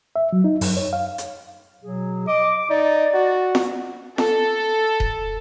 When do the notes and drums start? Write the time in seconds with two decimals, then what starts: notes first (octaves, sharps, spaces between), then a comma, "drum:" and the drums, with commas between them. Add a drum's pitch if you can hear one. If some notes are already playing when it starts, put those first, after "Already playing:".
0.16 E5
0.33 F#3
0.44 D#4
0.61 F#2, drum: open hi-hat
0.77 C#5
0.93 F5
1.18 drum: hi-hat
1.83 B2 F#3 G#4
2.28 D#5 D6
2.70 D#4 D5
3.14 F#4
3.55 drum: snare F4
4.18 A4, drum: snare F4
5.00 drum: kick D#1